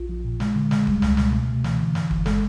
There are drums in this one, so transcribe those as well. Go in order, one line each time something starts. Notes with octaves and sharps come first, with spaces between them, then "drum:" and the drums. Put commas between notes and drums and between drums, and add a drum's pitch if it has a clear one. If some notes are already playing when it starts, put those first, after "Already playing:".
Already playing: A#1 F4
F3
A#2
G#3, drum: snare
D3
G#3, drum: snare
G3, drum: kick D#1
C#2, drum: snare
B2, drum: snare
A3
C3
E3, drum: snare
D3
G2, drum: snare
G1, drum: kick D#1
G#3 A4, drum: snare